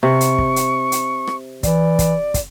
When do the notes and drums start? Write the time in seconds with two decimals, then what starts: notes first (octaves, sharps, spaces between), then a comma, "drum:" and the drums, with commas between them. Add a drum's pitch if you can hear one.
0.03 C3 C#6
0.21 drum: hi-hat
0.38 drum: kick
0.56 drum: hi-hat
0.92 drum: hi-hat
1.27 drum: rim click
1.63 E3 D5, drum: kick, hi-hat
1.99 drum: kick, hi-hat
2.34 drum: kick, hi-hat